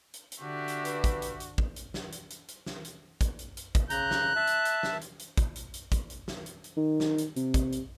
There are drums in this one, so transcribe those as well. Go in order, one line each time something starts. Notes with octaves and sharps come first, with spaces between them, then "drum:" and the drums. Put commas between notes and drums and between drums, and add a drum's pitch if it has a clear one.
drum: hi-hat
drum: hi-hat
D3 D4 F#4 G4 E5
drum: hi-hat
B4, drum: hi-hat
drum: kick, hi-hat
drum: hi-hat
drum: hi-hat
drum: kick
drum: hi-hat
drum: snare
drum: hi-hat
drum: hi-hat
drum: hi-hat
drum: snare
drum: hi-hat
drum: kick, hi-hat
drum: hi-hat
drum: hi-hat
drum: kick, hi-hat
C#3 A#5 F#6 G6, drum: hi-hat
drum: snare
E5 A5
drum: hi-hat
drum: hi-hat
drum: snare
drum: hi-hat
drum: hi-hat
drum: kick, hi-hat
drum: hi-hat
drum: hi-hat
drum: kick, hi-hat
drum: hi-hat
drum: snare
drum: hi-hat
drum: hi-hat
D#3
drum: snare
drum: hi-hat
C3, drum: hi-hat
drum: kick, hi-hat
drum: hi-hat